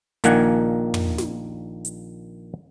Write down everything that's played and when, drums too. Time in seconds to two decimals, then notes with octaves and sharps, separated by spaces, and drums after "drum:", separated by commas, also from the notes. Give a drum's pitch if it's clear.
0.24 A#1 A#2 D#3 A#3 F#5 G#5, drum: hi-hat
0.94 drum: tom
1.18 drum: snare
1.85 drum: hi-hat